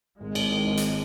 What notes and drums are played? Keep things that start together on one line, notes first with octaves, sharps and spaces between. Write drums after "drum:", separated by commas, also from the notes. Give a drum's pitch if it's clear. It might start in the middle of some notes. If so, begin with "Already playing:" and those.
G#1 G#3
G#1, drum: cymbal
D#3
G#1
drum: hi-hat